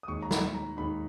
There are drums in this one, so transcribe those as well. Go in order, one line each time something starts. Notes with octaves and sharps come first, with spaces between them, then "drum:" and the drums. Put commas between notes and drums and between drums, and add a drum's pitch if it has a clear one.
D#6
D#2 D#3 G#3 D#4 C#6
A#5
B5, drum: snare
A#5
D#2 D#3 G#3 D#4 B5